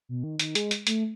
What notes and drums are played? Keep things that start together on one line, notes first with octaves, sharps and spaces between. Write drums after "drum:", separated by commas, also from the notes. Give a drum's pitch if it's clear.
B2
D#3
D#3, drum: hi-hat
G#3, drum: hi-hat
drum: hi-hat
A3, drum: hi-hat